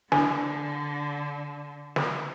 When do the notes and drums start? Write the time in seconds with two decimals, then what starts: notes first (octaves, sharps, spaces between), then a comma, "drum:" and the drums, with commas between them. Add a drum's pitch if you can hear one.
0.12 D3 D4 E4 G#5, drum: snare
1.96 drum: snare